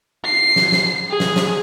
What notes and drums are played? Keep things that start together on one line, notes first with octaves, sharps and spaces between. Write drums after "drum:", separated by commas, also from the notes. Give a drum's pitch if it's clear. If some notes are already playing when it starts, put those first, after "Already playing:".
C7
drum: snare
drum: snare
G#4
drum: snare
drum: snare